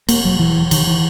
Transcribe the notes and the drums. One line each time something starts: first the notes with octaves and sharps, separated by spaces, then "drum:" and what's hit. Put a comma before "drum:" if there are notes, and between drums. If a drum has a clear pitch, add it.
E1 A#3, drum: cymbal
E1 F#3
E1 E3
E1
E1 D#3, drum: cymbal
E3